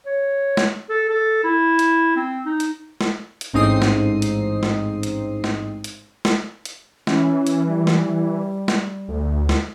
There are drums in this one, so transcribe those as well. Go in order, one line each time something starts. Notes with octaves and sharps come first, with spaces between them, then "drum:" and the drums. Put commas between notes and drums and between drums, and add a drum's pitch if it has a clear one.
C#5
drum: snare
A4
A4
E4
drum: hi-hat
C4
D#4
drum: hi-hat
drum: snare
drum: hi-hat
A1 G#2 C4 D#4 D#6 C7
drum: snare
drum: hi-hat
drum: snare
drum: hi-hat
drum: snare
drum: hi-hat
drum: snare
drum: hi-hat
E3 C#4, drum: snare
drum: hi-hat
G3
drum: snare
drum: snare
D2
drum: snare